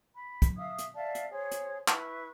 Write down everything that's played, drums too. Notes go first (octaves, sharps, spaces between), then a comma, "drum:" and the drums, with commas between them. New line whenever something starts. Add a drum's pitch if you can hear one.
B5
drum: kick, hi-hat
E5 F5 D#6
drum: hi-hat
D5 E5 F5 A5
drum: hi-hat
G#4 C5 C#5
drum: hi-hat
E4 B4 C#6, drum: clap